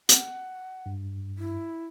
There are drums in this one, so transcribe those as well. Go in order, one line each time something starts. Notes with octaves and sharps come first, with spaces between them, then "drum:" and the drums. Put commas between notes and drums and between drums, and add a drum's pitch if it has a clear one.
F#5, drum: hi-hat
G2
E4